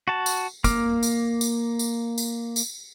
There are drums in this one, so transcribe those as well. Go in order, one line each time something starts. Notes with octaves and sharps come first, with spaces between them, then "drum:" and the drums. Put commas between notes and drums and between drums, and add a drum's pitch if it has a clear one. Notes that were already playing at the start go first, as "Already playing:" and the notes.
F#4 A5
drum: tambourine
A#3 D6 F6, drum: kick, tambourine
drum: tambourine
drum: tambourine
drum: tambourine
drum: tambourine
drum: tambourine